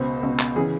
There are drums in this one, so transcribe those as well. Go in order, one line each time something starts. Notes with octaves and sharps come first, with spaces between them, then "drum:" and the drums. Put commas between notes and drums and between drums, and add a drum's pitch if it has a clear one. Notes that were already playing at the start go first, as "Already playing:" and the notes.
Already playing: C#2 B2 C5
C#2 B2
drum: clap
C#3 E3 G#4